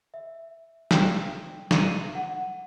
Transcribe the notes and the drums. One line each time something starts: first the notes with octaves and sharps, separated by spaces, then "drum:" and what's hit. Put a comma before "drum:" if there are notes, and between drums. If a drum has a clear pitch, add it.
E5
G5, drum: snare
D#7, drum: snare
F#5